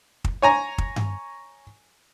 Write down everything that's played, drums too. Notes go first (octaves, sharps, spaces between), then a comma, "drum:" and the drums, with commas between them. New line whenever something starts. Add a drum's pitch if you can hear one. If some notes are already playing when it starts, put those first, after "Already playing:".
drum: kick
C#5 G#5 A#5
drum: kick
drum: tom G2